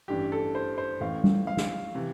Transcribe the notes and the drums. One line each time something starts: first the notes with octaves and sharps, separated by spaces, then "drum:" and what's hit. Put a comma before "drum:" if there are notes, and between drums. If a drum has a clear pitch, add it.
A1 G2 E3 G4
A4
C5
C5
A1 A2 E3 F5
drum: tom G3
F5
drum: snare
C3 E3